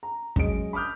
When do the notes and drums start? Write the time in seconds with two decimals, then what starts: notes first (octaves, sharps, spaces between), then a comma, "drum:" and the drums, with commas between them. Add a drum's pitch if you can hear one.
0.03 A#5
0.36 F#2 G#3 C#4 D#5 D7, drum: kick
0.73 B5 D6 D#6 F6 G6